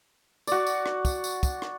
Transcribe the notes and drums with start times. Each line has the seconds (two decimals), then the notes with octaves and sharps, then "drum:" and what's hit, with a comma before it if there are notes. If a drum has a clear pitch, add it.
0.47 F#4 D5, drum: tambourine
0.67 drum: tambourine
0.86 drum: rim click
1.05 drum: kick, tambourine
1.24 drum: tambourine
1.43 drum: kick, tambourine
1.62 drum: rim click